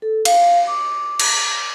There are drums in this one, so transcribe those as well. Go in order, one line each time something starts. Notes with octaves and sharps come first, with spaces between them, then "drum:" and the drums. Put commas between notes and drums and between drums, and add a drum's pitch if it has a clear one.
A4
F5, drum: cymbal
D6
drum: cymbal